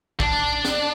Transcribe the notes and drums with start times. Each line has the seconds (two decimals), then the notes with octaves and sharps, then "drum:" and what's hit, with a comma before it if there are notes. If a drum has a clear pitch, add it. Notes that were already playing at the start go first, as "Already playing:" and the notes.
0.20 D4, drum: kick
0.65 drum: snare